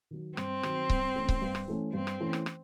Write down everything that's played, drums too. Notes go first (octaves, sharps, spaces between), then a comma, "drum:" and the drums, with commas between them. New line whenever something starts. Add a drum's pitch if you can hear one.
D#3 F#3
G2 C4, drum: rim click
D#3 F#3, drum: rim click
G2, drum: kick C#1
E3 A3 C#4
drum: kick C#1
G2
drum: rim click
E3 A3 C#4
G2 C4
drum: rim click
E3 A3 C#4
drum: rim click
drum: rim click